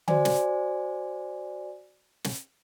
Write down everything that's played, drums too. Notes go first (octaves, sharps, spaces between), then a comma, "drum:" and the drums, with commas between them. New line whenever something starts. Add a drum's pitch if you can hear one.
F#4 C5 D5 G#5, drum: tom D3
drum: snare
drum: snare